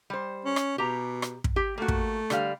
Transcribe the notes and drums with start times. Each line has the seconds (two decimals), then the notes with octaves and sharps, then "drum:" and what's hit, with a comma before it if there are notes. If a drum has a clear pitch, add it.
0.10 G3 C5
0.45 C#4
0.56 drum: rim click
0.78 B2 G4 A#5
1.22 drum: rim click
1.44 drum: kick
1.56 G4
1.78 A3 A#3 F#4
1.88 drum: kick
2.30 D3 G3 F5, drum: rim click